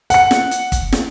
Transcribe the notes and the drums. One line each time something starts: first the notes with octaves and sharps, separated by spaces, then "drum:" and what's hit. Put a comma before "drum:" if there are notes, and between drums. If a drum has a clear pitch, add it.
F#5 C#7, drum: hi-hat
drum: snare
drum: hi-hat
drum: kick, hi-hat
drum: snare